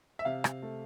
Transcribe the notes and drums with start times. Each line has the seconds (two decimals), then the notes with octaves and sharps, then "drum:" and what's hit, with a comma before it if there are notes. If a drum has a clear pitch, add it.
0.19 E5
0.25 C3 F5
0.44 drum: rim click
0.62 A3